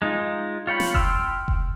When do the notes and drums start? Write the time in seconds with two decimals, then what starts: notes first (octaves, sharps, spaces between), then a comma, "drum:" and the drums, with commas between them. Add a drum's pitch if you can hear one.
0.02 G#3 D#4 F4
0.67 F4 C#5 G5 B5
0.80 drum: snare
0.94 G5 C6 E6 F6, drum: kick F1
1.48 drum: kick F1